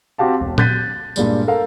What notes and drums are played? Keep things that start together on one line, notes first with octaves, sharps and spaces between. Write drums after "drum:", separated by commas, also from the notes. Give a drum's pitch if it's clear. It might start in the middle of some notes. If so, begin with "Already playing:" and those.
C4 F#4 G4 F5 A5
E1
F#6 G6 A6 B6 D#7, drum: tom A#2
G2 A#2 G3 G#3, drum: tambourine
A4 A#4 F5